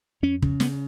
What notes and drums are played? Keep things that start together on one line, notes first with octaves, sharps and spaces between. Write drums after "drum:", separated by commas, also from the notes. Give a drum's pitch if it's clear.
F2 C#4
C#3, drum: kick
C#3 B3, drum: snare